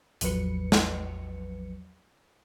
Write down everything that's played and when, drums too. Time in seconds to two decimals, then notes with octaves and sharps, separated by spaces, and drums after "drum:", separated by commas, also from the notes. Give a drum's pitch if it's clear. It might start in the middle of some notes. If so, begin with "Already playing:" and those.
0.21 A1 E2 F3 F#3 B4 C#7, drum: hi-hat
0.72 drum: snare